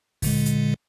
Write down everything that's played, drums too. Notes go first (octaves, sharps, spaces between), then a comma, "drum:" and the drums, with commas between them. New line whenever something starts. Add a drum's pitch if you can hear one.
A#2 D3 G#3, drum: kick D2, open hi-hat
drum: hi-hat